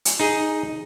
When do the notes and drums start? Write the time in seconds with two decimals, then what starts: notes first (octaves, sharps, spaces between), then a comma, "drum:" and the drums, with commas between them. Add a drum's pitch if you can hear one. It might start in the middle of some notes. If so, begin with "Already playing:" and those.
0.05 drum: hi-hat
0.20 D#4 G#4